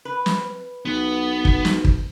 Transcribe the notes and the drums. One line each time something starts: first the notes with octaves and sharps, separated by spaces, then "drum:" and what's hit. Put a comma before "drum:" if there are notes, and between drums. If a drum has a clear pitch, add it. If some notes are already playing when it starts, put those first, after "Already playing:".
B4
drum: snare
B1 B3
drum: kick
drum: snare
drum: kick